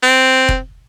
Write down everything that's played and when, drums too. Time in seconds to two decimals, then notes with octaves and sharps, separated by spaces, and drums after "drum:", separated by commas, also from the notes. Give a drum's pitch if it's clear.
0.03 C4
0.49 drum: kick F1